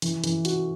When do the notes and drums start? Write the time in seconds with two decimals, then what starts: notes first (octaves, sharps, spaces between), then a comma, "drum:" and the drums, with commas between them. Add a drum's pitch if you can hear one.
0.02 E3, drum: hi-hat
0.24 E3, drum: hi-hat
0.45 F#4, drum: hi-hat